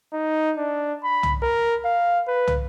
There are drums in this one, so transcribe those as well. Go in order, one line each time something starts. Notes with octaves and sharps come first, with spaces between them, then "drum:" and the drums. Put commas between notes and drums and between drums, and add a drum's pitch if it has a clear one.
D#4
D4
B5
drum: tom
A#4
F5
B4
drum: tom